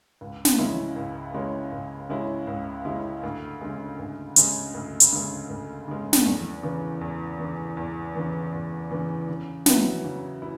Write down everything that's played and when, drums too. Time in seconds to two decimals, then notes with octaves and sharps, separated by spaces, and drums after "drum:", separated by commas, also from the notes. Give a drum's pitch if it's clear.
0.21 C#2
0.45 drum: snare
0.58 C#3 G#3 C#4 E4
0.96 C#2
1.34 C#3 G#3 C#4 E4
1.72 C#2
2.09 C#3 G#3 C#4 E4
2.47 C#2
2.85 C#3 G#3 C#4 E4
3.23 D2
3.61 C#3 G#3
3.99 D2
4.36 C#3 G#3, drum: hi-hat
4.74 D2
5.00 drum: hi-hat
5.12 C#3 G#3
5.50 D2
5.88 C#3 G#3
6.13 drum: snare
6.26 E2
6.63 C#3 E3
7.01 E2
7.39 C#3 E3
7.77 E2
8.15 C#3 E3
8.53 E2
8.91 C#3 E3
9.28 C#3
9.66 F#3 B3 E4, drum: snare
10.04 C#3
10.42 E4